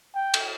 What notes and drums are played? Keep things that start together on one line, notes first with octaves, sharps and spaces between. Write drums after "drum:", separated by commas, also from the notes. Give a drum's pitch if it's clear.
G5
drum: cymbal